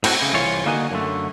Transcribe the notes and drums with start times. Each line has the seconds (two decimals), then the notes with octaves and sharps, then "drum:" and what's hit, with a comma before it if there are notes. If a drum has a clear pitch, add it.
0.04 A2 C4 F#4, drum: cymbal
0.22 C#3
0.33 C2 E3 F4 C#5
0.65 D3 A#3 D#4 F#4 G#5
0.91 F#2 D3 A3